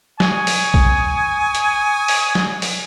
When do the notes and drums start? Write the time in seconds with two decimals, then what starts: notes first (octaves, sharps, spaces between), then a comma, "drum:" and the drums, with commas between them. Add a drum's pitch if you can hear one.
0.20 G#5 C#6 D#6, drum: snare
0.47 drum: open hi-hat
0.74 drum: kick A#1
1.55 drum: hi-hat
2.08 drum: open hi-hat
2.35 drum: snare
2.62 drum: open hi-hat